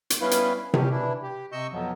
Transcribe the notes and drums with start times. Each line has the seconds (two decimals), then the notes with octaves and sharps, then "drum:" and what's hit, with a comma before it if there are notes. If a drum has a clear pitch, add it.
0.10 drum: hi-hat
0.21 G3 B3 C#4 E4 B4 F5
0.31 drum: hi-hat
0.74 C#4 G4, drum: tom C3
0.91 E3 D4 E4
1.22 G4
1.52 C3 D#5 C#6 E6 G6
1.72 F2 B2 F3 F#3